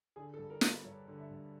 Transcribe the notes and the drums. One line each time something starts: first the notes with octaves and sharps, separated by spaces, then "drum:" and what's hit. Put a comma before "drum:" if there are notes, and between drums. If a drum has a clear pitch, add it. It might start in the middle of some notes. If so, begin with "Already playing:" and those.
D3 G#4
A4
G2
A#4
G3, drum: snare
B4
G2 C#5
D3
E5
G2